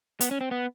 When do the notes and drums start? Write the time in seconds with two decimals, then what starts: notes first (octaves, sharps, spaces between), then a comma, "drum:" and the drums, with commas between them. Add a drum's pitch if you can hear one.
0.21 B3, drum: hi-hat
0.31 C#4
0.41 C4
0.51 B3